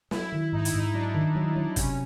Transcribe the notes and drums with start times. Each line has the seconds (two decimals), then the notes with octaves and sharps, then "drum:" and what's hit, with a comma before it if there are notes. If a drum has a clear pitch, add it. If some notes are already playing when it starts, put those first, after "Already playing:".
0.11 F#3 E4, drum: snare
0.32 D#3
0.52 G#2 D#4
0.65 E4, drum: hi-hat
0.74 G#2 D#4
0.94 F#3 D4
1.14 D#3
1.35 F#3
1.56 F#3
1.76 C3 C#4, drum: kick, hi-hat